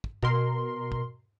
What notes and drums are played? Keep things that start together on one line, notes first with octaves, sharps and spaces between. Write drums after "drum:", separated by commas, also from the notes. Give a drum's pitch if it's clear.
drum: kick
B2 A#4 C6, drum: kick
drum: kick